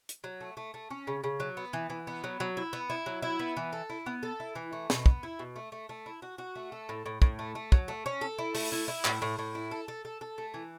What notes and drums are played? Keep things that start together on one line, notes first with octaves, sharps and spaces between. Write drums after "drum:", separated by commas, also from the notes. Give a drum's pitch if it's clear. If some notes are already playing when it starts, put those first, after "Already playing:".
drum: hi-hat
F#3
A3
A3
A3
C#4
C#3
C#3
F#3
B3
E3
E3
B3
F#3
F#3
E4
B3
E4
F#3
E4
B3
E3
A4
E4
B3
A4
E4
E3
A3
B2, drum: snare
B3, drum: kick
E4
B2
A3
A3
A3
E4
F#4
F#4
A3
A4
A2
A2
A2, drum: kick
A3
A3
F#3, drum: kick
A3
C#4
A4
E4
A3, drum: open hi-hat
E4
E4
A2, drum: clap
A2
A2
E4
A4
A4
A4
A4
A3
E3